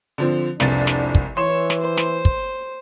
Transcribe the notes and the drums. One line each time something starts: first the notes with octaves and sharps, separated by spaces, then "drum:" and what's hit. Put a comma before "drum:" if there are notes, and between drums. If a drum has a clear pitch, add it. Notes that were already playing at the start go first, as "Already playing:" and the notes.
D3 F3 C4
F1 C2 F2 G#2 D4 A6, drum: snare
drum: snare
drum: kick
E3 C#5 C6 E7
drum: snare
C5
drum: snare
drum: kick